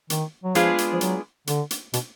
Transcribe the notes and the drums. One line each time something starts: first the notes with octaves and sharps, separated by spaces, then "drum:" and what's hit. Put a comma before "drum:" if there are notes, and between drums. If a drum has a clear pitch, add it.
D#3, drum: hi-hat
F#3
F3 G#3 B3 D4 F4 G#4, drum: hi-hat
drum: hi-hat
F3
F#3, drum: hi-hat
D3, drum: hi-hat
drum: hi-hat
B2, drum: hi-hat